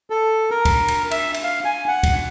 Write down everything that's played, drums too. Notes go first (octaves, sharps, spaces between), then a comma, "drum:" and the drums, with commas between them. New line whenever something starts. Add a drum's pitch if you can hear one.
A4
A#4
drum: kick, cymbal
drum: cymbal
E5, drum: cymbal
drum: cymbal
F5
G#5
F#5
drum: kick, cymbal